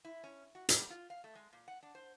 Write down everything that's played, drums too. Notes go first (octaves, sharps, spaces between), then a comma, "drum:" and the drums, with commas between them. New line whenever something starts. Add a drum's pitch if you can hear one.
E4
C#4
F#4
G3, drum: hi-hat
F4
F5
A3
G#3
A#2
F#5
D4
C5